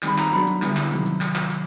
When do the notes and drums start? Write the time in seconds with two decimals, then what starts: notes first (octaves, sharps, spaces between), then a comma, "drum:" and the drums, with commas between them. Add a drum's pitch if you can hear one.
0.03 D#3 G3 C4 D#4 G#4 B5, drum: clap
0.18 A#5, drum: clap
0.32 F#3 B3 D4 F#4 B5, drum: hi-hat
0.47 drum: hi-hat
0.62 D3 G3 B3 E4 G#4, drum: clap
0.77 drum: clap
0.92 C3 D#3 F#3, drum: hi-hat
1.06 drum: hi-hat
1.21 drum: clap
1.36 drum: clap
1.50 drum: hi-hat